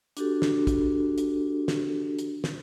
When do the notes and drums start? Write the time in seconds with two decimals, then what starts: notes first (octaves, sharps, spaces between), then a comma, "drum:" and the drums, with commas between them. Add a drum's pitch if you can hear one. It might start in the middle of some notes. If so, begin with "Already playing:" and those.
0.17 D4 F#4 G4 A4, drum: hi-hat
0.42 drum: snare
0.67 drum: kick, hi-hat
1.18 drum: hi-hat
1.68 drum: snare
2.19 drum: hi-hat
2.44 drum: snare